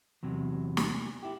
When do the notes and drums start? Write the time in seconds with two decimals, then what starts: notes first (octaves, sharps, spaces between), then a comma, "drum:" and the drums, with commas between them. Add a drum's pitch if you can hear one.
0.23 E2 C3 F#3
0.77 drum: snare
1.23 E4 G4